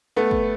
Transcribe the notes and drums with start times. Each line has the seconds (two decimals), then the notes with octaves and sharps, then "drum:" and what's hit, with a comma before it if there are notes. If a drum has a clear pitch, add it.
0.16 A3 B3
0.31 drum: kick